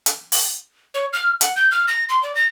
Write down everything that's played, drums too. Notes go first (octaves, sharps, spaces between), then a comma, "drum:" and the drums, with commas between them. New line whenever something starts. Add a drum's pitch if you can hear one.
drum: hi-hat
drum: open hi-hat
C#5
F6
F#5, drum: hi-hat
G6
F6
A#6
C6
D5
A#6